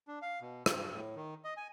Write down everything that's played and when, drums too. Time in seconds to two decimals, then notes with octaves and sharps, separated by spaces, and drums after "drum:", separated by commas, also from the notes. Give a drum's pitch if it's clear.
0.08 D4
0.22 F5
0.42 B2
0.66 G2, drum: rim click
0.93 A2
1.16 D#3
1.44 D#5
1.57 G#5